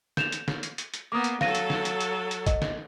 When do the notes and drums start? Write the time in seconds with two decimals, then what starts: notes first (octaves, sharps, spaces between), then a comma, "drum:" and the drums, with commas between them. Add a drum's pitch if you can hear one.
0.17 G6 E7 F7, drum: snare
0.32 drum: hi-hat
0.48 drum: snare
0.63 drum: hi-hat
0.78 drum: hi-hat
0.94 drum: hi-hat
1.12 A#3 B3 D6 D#6
1.24 drum: hi-hat
1.41 F#3 A4 F5 A#6 D#7, drum: snare
1.55 drum: hi-hat
1.70 drum: snare
1.85 drum: hi-hat
2.01 drum: hi-hat
2.31 drum: hi-hat
2.46 D#5, drum: kick, hi-hat
2.62 drum: snare